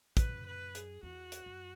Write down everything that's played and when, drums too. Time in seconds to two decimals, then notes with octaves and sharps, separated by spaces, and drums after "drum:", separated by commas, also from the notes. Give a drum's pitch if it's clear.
0.17 F#2 B4, drum: kick, hi-hat
0.46 B4
0.75 G#4, drum: hi-hat
1.03 E2 F#4
1.32 drum: hi-hat
1.46 F#2